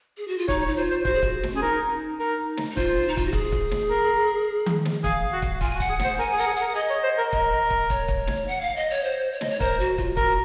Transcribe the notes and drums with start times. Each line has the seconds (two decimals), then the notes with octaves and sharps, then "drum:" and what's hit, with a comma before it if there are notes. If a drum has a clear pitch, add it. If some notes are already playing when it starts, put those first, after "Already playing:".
0.17 G#4
0.28 F#4
0.38 F4
0.48 D#4 C#5, drum: kick
0.62 C#5
0.68 D#4
0.77 F4 C5
0.91 C5
1.05 F#4 C5, drum: kick
1.15 G#4
1.22 F#4, drum: kick
1.43 drum: snare
1.53 C#4 G#4
1.62 D#4 A#4
2.20 D#4 A#4
2.57 drum: snare
2.70 D#4
2.77 F4 C5, drum: kick
3.08 D#4
3.17 F4, drum: kick
3.25 F#4
3.33 G#4, drum: kick
3.52 drum: kick
3.71 drum: snare
3.90 A#4
4.66 drum: tom D#3
4.85 drum: snare
5.04 G#4 F5, drum: kick
5.33 F#4
5.42 drum: kick
5.54 F#4
5.61 F4 G#5, drum: kick
5.76 F#4
5.80 F#5, drum: kick
5.89 G#4
5.99 C5 F#5, drum: snare
6.18 A#4 G#5
6.33 G#4
6.38 A#4 F#5
6.47 G#4
6.56 F#5
6.61 A#4
6.75 G#4 D#5
6.90 C#5
7.03 C5
7.18 A#4
7.33 A#4, drum: kick
7.70 drum: kick
7.90 C#5, drum: kick
8.08 drum: kick
8.27 drum: snare
8.48 F#5
8.61 F5
8.76 D#5
8.90 C#5
9.04 C5
9.32 C#5
9.41 D#5, drum: snare
9.50 C#5
9.60 A#4 C5, drum: kick
9.80 F#4
9.98 F4, drum: kick
10.17 F#4 A#4, drum: kick